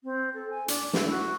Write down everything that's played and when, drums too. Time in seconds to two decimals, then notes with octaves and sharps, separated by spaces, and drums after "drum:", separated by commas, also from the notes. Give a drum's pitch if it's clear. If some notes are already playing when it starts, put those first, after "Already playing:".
0.04 C4
0.34 A4
0.50 G#5
0.68 D4, drum: hi-hat
0.93 E4, drum: snare
1.10 F#4